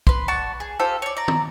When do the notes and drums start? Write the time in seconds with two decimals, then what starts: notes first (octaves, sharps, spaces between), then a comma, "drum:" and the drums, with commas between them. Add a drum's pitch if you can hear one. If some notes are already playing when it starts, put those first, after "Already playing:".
0.07 B4 C6, drum: kick
0.28 F#4 D5 A5 C#6
0.60 G#4
0.80 F4 G4 A4 C5
1.02 C#5 D5
1.17 D5 A#5
1.28 drum: tom